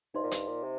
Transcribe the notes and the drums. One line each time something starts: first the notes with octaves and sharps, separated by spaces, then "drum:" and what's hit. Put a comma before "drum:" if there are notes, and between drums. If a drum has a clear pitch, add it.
G2 D#4 C5 D#5 C6
A#2
G2, drum: hi-hat
A#2
C3